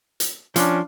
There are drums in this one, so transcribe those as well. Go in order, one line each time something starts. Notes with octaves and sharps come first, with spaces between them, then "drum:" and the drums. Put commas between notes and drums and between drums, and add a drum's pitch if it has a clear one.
drum: hi-hat
F3 C#4 D4, drum: hi-hat